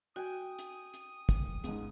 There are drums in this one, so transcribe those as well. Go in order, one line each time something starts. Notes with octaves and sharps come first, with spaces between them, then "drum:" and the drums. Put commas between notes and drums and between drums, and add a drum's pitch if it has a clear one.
F#4 G5 G#5 D#6
drum: hi-hat
drum: hi-hat
drum: kick, hi-hat
C#2 G#2, drum: hi-hat